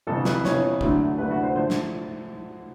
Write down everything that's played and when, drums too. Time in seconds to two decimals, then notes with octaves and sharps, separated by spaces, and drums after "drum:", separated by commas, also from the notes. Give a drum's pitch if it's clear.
0.07 G1 F2 C3 E3 A4
0.25 B4, drum: snare
0.45 G1 F2 C3 E3 C#5, drum: snare
0.81 D2 D3 F#3 A3 D4, drum: kick G#1
1.18 D2 D3 F#3 A3 D4 B4
1.31 F#4
1.43 C5
1.55 D3 F3 A3 C5
1.70 drum: snare